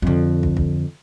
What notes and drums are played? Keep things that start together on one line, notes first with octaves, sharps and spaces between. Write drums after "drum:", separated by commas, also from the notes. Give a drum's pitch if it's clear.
F2 D3
drum: kick
drum: kick